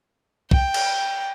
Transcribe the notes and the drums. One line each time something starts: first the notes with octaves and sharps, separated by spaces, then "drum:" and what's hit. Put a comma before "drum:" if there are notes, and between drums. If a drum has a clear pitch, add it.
G5, drum: kick
drum: cymbal